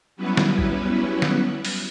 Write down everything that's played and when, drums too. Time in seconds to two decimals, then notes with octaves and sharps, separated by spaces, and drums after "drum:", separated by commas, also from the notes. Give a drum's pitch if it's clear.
0.16 F#3 G3 B3 C#4 E4 B4
0.37 drum: snare
0.59 drum: kick
1.22 drum: snare
1.65 drum: open hi-hat